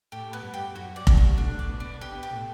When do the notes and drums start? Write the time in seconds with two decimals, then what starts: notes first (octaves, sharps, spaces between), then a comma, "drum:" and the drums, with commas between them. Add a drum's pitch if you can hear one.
0.12 A2 G4
0.33 B3
0.43 G2
0.54 G4
0.75 F#2 F#4
0.96 D5
1.07 G2, drum: kick F1
1.17 F#4
1.38 A2 D4
1.59 D5
1.69 B2
1.80 D4
2.01 B2 G4
2.23 G4
2.33 A2